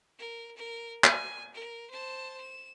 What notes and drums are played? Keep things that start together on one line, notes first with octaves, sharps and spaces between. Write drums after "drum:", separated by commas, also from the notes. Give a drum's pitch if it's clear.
A#4
A#4
G#5, drum: clap
A#4
C5 A5
E7